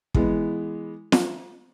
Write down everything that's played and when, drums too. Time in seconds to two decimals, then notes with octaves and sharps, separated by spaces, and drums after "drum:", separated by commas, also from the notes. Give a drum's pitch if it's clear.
0.14 E3 G#3 B3, drum: kick
1.12 drum: snare